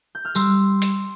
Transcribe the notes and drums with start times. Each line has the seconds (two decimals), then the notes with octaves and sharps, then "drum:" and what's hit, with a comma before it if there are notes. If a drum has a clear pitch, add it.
0.15 G6
0.25 F6
0.35 G3 C6 E6, drum: tambourine
0.82 drum: hi-hat